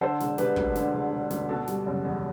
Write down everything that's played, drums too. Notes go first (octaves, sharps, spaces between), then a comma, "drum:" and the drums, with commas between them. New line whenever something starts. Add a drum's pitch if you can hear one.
D3 A4 C5
E1, drum: snare
E1 G4 B4, drum: snare
D2, drum: kick
D3, drum: snare
E1
E1
D2, drum: snare
B2 F#4 A4
G3, drum: snare
F#1
E2